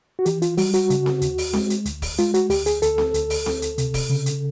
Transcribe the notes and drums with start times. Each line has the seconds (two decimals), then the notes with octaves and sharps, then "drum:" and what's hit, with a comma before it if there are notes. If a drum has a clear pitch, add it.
0.19 F#4
0.25 E3 G4, drum: hi-hat
0.42 F4, drum: hi-hat
0.57 G3 F#4, drum: open hi-hat
0.74 F#4, drum: hi-hat
0.90 C#3, drum: hi-hat
1.06 drum: snare C4
1.21 D#2, drum: hi-hat
1.38 drum: open hi-hat
1.53 G#3, drum: snare C4
1.70 drum: hi-hat
1.85 D2, drum: hi-hat
2.02 drum: kick, open hi-hat
2.18 G#3 F4, drum: hi-hat
2.34 F#4, drum: hi-hat
2.50 D2 G4, drum: open hi-hat
2.66 G#4, drum: hi-hat
2.82 D2 A4, drum: hi-hat
2.98 drum: snare C4
3.14 D2, drum: hi-hat
3.30 drum: open hi-hat
3.46 D2, drum: snare C4
3.62 drum: hi-hat
3.78 C3, drum: hi-hat
3.94 drum: kick, open hi-hat
4.09 C#3
4.26 drum: hi-hat